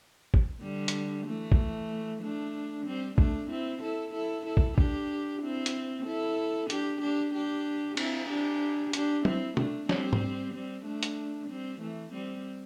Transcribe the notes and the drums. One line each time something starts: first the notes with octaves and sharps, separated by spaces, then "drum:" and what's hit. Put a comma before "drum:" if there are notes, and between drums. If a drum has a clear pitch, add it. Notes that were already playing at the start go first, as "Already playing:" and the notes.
drum: kick
D3 G3
drum: hi-hat
E3 A3
drum: kick
A3 D4
G3 C4
A3 D4, drum: kick
C4 E4
E4 A4
E4 A4
E4 A4
drum: kick
D4 G4, drum: kick
C4 E4
drum: hi-hat
E4 A4
D4 G4, drum: hi-hat
D4 G4
D4 G4
C4 E4, drum: cymbal
D4 G4
D4 G4, drum: hi-hat
C4 E4, drum: tom F#3
A3 D4, drum: tom
G3 C4, drum: snare
drum: tom G#2
G3 C4
A3 D4
drum: hi-hat
G3 C4
E3 A3
G3 C4